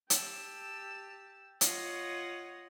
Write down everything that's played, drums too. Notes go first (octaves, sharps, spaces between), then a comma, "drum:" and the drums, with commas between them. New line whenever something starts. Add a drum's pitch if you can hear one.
G4 A5 E6, drum: hi-hat
F4 C#5 D#5 F#5, drum: hi-hat